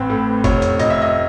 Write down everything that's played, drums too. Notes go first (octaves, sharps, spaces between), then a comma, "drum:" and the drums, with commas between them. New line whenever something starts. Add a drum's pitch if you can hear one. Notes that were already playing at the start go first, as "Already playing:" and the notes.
Already playing: A1 C4 B4
A2
F1 C#5, drum: kick F#1, hi-hat
drum: hi-hat
F1 D#5, drum: hi-hat
E5
D#5